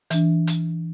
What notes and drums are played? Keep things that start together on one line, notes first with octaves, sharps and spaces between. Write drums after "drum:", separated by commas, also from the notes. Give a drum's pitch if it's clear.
E3 D4, drum: hi-hat
drum: hi-hat